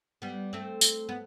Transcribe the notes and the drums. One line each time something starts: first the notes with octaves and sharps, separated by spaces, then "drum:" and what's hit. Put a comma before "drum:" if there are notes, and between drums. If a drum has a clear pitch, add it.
G3 B3
A3 C4
drum: tambourine
B3